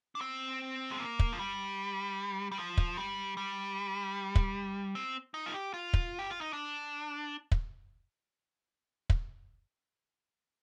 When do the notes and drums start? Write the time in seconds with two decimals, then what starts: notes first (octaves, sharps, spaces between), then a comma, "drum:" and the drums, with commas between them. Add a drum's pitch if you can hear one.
0.15 D4
0.21 C4
0.91 G#3
0.99 A#3
1.19 drum: kick
1.33 F3
1.39 G3
2.52 G3
2.58 F3
2.77 drum: kick
2.97 G3
3.37 G3
4.35 drum: kick
4.95 C4
5.34 D#4
5.46 F4
5.54 G4
5.74 F4
5.93 drum: kick
6.19 G4
6.30 F4
6.41 D#4
6.53 D4
7.52 drum: kick
9.10 drum: kick